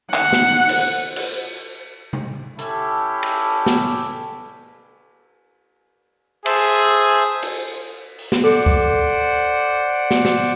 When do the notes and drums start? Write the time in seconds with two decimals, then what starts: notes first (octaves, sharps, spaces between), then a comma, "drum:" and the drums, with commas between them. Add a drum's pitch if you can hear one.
0.14 F#5, drum: clap
0.33 drum: snare
0.69 drum: cymbal
1.16 drum: cymbal
2.13 drum: tom C3
2.59 C#4 E4 G4 A4, drum: hi-hat
3.23 drum: cymbal
3.66 drum: snare
6.46 G#4 C5 E5 A5, drum: cymbal
7.42 drum: cymbal
8.19 drum: open hi-hat
8.32 drum: snare
8.44 A4 C5 D5 F#5
8.66 drum: kick C#2
10.11 drum: snare
10.25 drum: snare